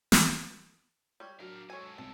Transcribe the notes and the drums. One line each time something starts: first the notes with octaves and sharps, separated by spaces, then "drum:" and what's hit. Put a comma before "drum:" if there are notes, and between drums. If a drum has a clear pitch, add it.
drum: snare
G3 C#5
F#3 D4 A#4 F5
G#2 A4 C#5 G#5
C2 A5